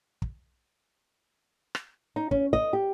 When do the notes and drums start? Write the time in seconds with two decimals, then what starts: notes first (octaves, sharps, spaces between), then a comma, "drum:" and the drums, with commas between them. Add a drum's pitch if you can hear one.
0.22 drum: kick
1.75 drum: rim click
2.16 D#4
2.31 C#4, drum: kick
2.53 D#5, drum: kick
2.73 G4